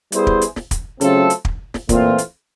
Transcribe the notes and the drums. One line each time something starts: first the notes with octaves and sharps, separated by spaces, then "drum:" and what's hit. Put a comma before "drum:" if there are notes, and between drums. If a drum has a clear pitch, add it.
G3 B3 E4 G#4 C5, drum: hi-hat
drum: kick
drum: hi-hat
drum: snare
drum: kick, hi-hat
C#3 F#3 A3 C4 F4 A4, drum: hi-hat
drum: hi-hat
drum: kick
drum: snare
A#2 E3 A3 C4 F4, drum: kick, hi-hat
drum: hi-hat